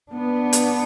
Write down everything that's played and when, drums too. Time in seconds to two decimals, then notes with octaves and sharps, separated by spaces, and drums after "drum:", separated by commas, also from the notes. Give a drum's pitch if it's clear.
0.12 B3 D4
0.53 drum: hi-hat